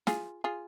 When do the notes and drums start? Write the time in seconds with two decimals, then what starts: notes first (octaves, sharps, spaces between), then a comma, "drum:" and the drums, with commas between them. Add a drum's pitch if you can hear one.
0.07 F4 G#4, drum: snare
0.44 F4 G#4